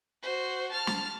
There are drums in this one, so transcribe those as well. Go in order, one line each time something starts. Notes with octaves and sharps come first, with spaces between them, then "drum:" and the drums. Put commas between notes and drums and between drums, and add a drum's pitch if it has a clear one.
F#4 C5
A5 F6
drum: snare